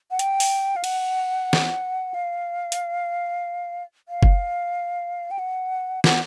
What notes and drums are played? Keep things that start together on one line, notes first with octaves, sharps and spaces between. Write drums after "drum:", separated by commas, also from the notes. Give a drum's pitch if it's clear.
F#5
G5, drum: hi-hat
drum: open hi-hat
F5
F#5, drum: cymbal
drum: snare
F5
drum: hi-hat
F5
drum: kick F#1
G5
F#5
F#5, drum: snare